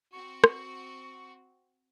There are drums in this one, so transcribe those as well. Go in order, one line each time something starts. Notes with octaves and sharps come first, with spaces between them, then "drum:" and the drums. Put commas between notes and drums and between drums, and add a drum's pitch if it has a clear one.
C4 F#4 C#6
drum: rim click